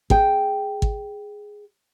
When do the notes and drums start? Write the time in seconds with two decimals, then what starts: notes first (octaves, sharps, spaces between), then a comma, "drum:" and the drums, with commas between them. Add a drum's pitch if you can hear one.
0.10 G#4 G5, drum: kick
0.82 drum: kick